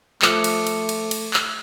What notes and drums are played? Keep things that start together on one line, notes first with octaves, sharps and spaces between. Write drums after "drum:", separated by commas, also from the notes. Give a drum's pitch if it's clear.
F3 A3 D6 C#7, drum: clap
drum: cymbal
drum: cymbal
drum: cymbal
drum: cymbal
drum: clap